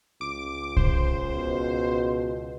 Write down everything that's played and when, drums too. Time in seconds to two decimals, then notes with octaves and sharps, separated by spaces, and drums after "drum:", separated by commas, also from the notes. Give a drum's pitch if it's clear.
0.21 C#2 D6
0.77 C5, drum: kick B1
1.35 B2